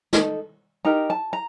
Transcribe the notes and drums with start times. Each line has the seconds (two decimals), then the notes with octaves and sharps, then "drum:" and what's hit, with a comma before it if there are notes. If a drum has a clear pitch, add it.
0.13 D#4 A4, drum: snare
0.85 D#4 G4 A#4 A#5
1.10 A5
1.33 A#5